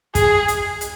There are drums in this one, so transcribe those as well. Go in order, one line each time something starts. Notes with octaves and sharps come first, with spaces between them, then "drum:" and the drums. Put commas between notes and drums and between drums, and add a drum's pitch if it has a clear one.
G#4, drum: kick, hi-hat
drum: hi-hat
drum: hi-hat